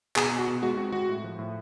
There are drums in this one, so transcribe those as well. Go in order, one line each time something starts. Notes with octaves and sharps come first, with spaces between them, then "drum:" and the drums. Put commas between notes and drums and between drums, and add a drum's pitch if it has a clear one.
B2 G#4, drum: clap
B2
F#4
B2
G#3 F#4
C4 F#4
G#3 F#4
A2
F3
A2